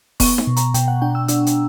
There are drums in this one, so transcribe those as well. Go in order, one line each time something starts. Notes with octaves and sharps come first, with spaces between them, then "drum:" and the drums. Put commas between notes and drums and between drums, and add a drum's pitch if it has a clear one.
B3 C#6, drum: kick E1, open hi-hat
drum: snare D#4
B2
A#5, drum: hi-hat
B2 G5, drum: hi-hat
F#5
D4 G5
E6
D4 E6, drum: hi-hat
drum: hi-hat